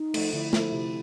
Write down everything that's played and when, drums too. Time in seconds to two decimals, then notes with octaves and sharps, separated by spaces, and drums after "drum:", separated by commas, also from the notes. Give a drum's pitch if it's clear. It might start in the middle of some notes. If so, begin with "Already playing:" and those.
Already playing: D#4
0.14 F3 A3, drum: cymbal
0.33 D3 E4
0.53 F3 A3, drum: snare
0.72 C3